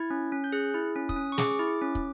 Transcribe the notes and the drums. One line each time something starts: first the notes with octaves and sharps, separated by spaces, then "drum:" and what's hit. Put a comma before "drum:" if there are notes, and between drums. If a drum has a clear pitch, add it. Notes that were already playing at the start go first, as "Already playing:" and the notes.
Already playing: E4 G#6
C#4
C#4
G6
G#4 F#6
E4
C#4
D#6, drum: kick
C#4
C#6
G#4 D6, drum: snare
E4
C#4
drum: kick